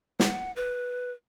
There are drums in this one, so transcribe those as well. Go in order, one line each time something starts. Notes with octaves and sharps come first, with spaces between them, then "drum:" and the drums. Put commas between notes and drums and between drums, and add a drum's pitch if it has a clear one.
F#5, drum: snare
B4